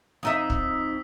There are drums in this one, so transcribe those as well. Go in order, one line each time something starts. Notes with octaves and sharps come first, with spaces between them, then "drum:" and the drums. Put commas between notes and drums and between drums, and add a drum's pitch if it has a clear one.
F2 D#4 E5 D#6 E6 B6
drum: kick